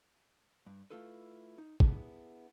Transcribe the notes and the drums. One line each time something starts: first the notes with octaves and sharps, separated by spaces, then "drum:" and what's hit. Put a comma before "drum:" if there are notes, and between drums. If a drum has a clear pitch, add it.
G2
A3 E4 F4 A4 B4
D#4
B3 D4 E4 G4 G#4 B4, drum: kick